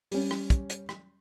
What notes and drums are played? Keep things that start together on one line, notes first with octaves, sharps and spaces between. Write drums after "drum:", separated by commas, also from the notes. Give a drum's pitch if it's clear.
G3 C#4, drum: open hi-hat
drum: rim click
drum: kick, hi-hat
drum: hi-hat
drum: rim click